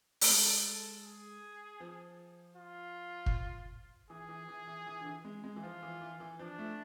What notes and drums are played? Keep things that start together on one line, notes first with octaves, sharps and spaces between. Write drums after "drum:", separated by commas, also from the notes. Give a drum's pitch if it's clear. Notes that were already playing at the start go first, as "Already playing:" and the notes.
A3, drum: open hi-hat
G#3 A4
A4
G#4
F3
F4
drum: kick
E3 G#4
E3
E3
E3
E3
D3
E3
G#3
G#3
E3
F3 F4
E3
E3
E3
F3 D4
A3